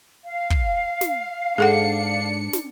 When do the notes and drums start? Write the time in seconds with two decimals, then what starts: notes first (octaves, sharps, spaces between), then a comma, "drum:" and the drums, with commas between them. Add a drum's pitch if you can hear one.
0.25 F5
0.50 drum: kick
1.01 drum: snare
1.58 G#2 D4 G#4 A4 F#5 C#7
2.53 drum: snare